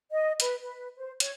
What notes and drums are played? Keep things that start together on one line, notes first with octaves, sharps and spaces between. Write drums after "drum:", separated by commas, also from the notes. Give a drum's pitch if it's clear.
D#5
B4, drum: hi-hat
B4
C5
C#5, drum: hi-hat